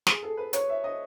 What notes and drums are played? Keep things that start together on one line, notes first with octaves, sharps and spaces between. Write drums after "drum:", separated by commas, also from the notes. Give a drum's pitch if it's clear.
G#4, drum: snare
A4
B4
C#5, drum: hi-hat
E5
D#5